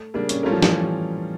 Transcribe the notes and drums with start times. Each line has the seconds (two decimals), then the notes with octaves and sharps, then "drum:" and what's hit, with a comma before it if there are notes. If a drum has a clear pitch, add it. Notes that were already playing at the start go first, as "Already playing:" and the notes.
Already playing: A3
0.14 C#3 G3 A#3 D4
0.29 C#4, drum: hi-hat
0.43 G3 A3 C#4 F4 A#4
0.53 F3
0.62 E3, drum: snare